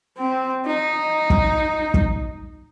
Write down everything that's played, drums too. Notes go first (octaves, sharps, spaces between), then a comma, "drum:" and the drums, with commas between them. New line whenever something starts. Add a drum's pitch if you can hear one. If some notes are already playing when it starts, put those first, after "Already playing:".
C4
D#4
drum: kick
drum: kick